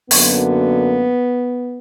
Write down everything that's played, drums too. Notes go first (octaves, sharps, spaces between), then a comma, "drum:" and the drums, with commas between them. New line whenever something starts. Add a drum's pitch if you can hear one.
F#2 D3 F#3 A#3 B3, drum: open hi-hat